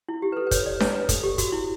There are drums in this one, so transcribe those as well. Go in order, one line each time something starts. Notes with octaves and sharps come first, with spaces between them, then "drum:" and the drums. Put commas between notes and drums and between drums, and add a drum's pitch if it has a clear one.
E4
G4
B4
A4
B4
C#5, drum: kick, hi-hat
D5
B4
C#5, drum: snare D4
B4
A4, drum: kick, hi-hat
G4
F#4, drum: kick, hi-hat
E4